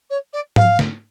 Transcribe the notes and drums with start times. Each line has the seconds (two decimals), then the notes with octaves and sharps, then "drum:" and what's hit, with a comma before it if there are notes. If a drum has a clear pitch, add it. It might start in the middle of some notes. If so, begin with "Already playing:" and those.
0.10 C#5
0.33 D5
0.56 F5, drum: tom G#2
0.79 drum: snare